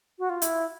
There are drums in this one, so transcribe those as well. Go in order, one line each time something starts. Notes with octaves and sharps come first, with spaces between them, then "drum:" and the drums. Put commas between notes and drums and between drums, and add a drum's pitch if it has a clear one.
F#4
F4
E4, drum: hi-hat